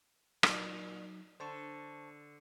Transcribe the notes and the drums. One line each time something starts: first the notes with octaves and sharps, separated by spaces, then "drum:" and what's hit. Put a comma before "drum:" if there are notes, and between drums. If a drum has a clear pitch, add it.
A#2 F#3 D#4, drum: rim click
D3 C5 A5 C#6